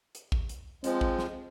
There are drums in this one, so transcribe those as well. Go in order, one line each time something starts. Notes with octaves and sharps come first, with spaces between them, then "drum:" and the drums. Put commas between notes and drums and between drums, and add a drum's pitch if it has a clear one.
drum: hi-hat
drum: kick
drum: hi-hat
F3 G#3 C4, drum: hi-hat
drum: kick
drum: snare